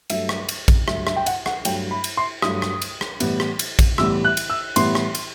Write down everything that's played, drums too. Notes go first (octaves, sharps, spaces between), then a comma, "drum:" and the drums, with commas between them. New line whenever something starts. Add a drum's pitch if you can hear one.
G2 F#3 A3 E5, drum: cymbal
drum: rim click
drum: cymbal
drum: kick, cymbal
G2 F#3 A3 E5, drum: rim click
E5, drum: rim click
G5
F#5, drum: cymbal
F#5, drum: rim click
G2 F#3 A3 G5, drum: cymbal
B5
drum: cymbal
C6
G2 F#3 A3 D#6, drum: rim click
drum: rim click
drum: cymbal
drum: rim click
A2 E3 G3 B3, drum: cymbal
drum: rim click
drum: cymbal
drum: kick, cymbal
A2 E3 G3 B3 E6, drum: rim click
F#6
drum: cymbal
E6
A2 E3 G3 B3 C6, drum: cymbal
drum: rim click
drum: cymbal